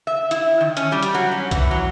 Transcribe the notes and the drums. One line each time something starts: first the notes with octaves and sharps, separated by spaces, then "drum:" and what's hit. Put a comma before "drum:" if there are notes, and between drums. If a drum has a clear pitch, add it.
E5
E4, drum: hi-hat
D#3
C#4, drum: hi-hat
G3
drum: hi-hat
F#3
C#4
E3, drum: kick, hi-hat
F#3